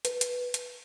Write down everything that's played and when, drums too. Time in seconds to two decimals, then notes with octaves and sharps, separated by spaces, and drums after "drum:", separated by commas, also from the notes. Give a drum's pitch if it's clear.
0.05 B4, drum: hi-hat
0.21 drum: hi-hat
0.54 drum: hi-hat